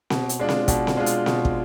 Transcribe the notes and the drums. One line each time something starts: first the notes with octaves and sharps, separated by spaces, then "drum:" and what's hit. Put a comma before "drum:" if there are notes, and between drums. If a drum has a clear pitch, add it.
B2, drum: snare C4
drum: hi-hat
G#3 D4 F4
drum: snare C4
B2, drum: kick, hi-hat
drum: snare C4
G#3 D4 F4
drum: hi-hat
B2, drum: snare C4
drum: kick